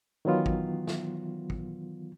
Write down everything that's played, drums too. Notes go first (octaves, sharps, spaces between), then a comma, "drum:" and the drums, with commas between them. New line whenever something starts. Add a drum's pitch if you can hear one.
D#3 E3 F#3 B3 F4
drum: kick
drum: snare
drum: kick